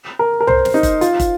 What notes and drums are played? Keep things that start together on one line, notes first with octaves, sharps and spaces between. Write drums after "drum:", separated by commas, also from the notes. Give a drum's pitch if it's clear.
A#4
A#4
C5, drum: tom C2
drum: snare
D#4
drum: kick, hi-hat
F4, drum: hi-hat
drum: kick, hi-hat